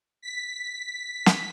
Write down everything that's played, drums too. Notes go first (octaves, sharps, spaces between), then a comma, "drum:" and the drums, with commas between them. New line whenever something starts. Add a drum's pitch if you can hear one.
B6
drum: snare